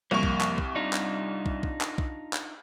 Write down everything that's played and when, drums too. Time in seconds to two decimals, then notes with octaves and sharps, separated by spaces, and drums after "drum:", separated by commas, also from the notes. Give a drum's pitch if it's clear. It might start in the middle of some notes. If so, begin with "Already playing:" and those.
0.11 C2 F2 A#3 C#6
0.23 drum: kick
0.40 drum: clap
0.58 drum: kick
0.76 D4 D#4 F4
0.93 drum: clap
1.46 drum: kick
1.63 drum: kick
1.81 drum: clap
1.98 drum: kick
2.33 drum: clap